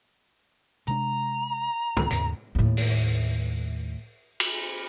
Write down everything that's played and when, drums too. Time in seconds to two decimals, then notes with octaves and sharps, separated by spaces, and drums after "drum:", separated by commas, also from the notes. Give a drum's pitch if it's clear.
0.88 C3 G#3 D4 A#5
1.97 C#2 D#3, drum: tom
2.11 D#2 G#2 C#3, drum: hi-hat
2.55 D#2 A2
2.77 drum: open hi-hat
4.40 drum: cymbal